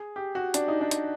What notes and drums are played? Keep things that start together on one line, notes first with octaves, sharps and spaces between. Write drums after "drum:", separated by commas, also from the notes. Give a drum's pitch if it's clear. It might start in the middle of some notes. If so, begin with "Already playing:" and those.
Already playing: G#4
G4
F#4
D4, drum: hi-hat
D#4
D4
drum: hi-hat